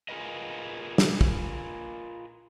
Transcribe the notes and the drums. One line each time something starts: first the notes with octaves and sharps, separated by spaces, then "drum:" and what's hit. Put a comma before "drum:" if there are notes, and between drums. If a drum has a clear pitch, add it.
F4 G#4 A#4 B4 D#5
drum: snare
drum: kick